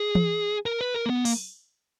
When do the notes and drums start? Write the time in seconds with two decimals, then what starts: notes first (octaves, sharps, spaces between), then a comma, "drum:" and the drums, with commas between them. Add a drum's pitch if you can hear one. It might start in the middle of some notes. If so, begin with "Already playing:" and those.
Already playing: G#4
0.15 drum: tom E3
0.66 A#4
0.81 B4
0.95 A#4
1.06 A#3
1.10 B3
1.25 A#3, drum: open hi-hat